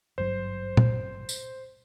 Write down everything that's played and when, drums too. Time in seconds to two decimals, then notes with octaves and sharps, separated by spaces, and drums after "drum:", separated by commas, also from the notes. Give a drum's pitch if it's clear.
0.18 G#1 G2 F#3 C5
0.77 drum: tom A#2
1.29 drum: tambourine